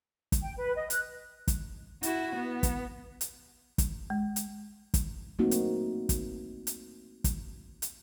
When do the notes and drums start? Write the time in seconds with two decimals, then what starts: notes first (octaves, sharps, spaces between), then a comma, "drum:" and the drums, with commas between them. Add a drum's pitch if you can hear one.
0.32 drum: kick, hi-hat
0.42 G5
0.56 B4
0.75 D#5
0.90 F#6, drum: hi-hat
1.48 drum: kick, hi-hat
2.03 E4 F#4, drum: hi-hat
2.36 B3
2.63 drum: kick, hi-hat
3.21 drum: hi-hat
3.78 drum: kick, hi-hat
4.10 G#3
4.36 drum: hi-hat
4.94 drum: kick, hi-hat
5.39 A3 A#3 C4 D#4 F#4
5.51 drum: hi-hat
6.09 drum: kick, hi-hat
6.67 drum: hi-hat
7.24 drum: kick, hi-hat
7.82 drum: hi-hat